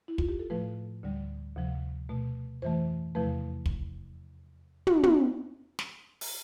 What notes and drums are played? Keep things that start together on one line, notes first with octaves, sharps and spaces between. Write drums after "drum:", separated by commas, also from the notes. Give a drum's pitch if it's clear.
E4
F4, drum: kick
G4
A4
A2 F3 A3 B4
D2 D3 G3
D2 C3 F3
B2 A3
F2 E3 A3 C5
E2 C3 F3 A3 B4
drum: kick
drum: tom
drum: tom
drum: snare
drum: open hi-hat